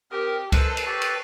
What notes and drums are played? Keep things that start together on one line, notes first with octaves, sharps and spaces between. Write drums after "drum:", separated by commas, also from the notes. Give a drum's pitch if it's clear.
C4 G4 A#4 D#6
D#4 A4 B4 C5 D#5, drum: kick C#2, cymbal
drum: cymbal
G4 A4 A5 C#6
drum: cymbal